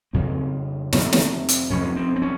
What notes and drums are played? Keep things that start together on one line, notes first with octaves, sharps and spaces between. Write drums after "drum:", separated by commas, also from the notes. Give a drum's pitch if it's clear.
F2 C#3 C4
F2 C3, drum: snare
drum: snare
drum: hi-hat
F2 C3 C#4
C4
C4
C#4